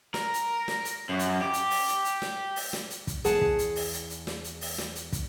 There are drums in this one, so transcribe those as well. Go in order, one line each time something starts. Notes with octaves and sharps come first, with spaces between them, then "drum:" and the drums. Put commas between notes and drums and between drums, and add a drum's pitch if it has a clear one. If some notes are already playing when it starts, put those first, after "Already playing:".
A#4, drum: snare
drum: hi-hat
drum: snare
drum: hi-hat
F#2
drum: hi-hat
G4
drum: hi-hat
drum: open hi-hat
drum: hi-hat
drum: hi-hat
drum: snare
drum: open hi-hat
drum: snare
drum: hi-hat
drum: kick, hi-hat
E2 G#4 F#5 A5, drum: hi-hat
drum: kick
drum: hi-hat
drum: open hi-hat
drum: hi-hat
drum: hi-hat
drum: snare
drum: hi-hat
drum: open hi-hat
drum: snare
drum: hi-hat
drum: kick, hi-hat